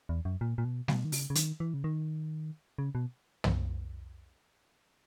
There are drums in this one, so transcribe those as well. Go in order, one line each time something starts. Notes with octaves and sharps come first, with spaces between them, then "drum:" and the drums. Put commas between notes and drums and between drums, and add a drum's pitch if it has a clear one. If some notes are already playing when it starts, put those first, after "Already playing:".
E2
F#2
A#2
A#2
B2
B2, drum: snare
D#3
C#3, drum: open hi-hat
C#3
D#3, drum: hi-hat
E3
C#3
D#3
C#3
B2
drum: tom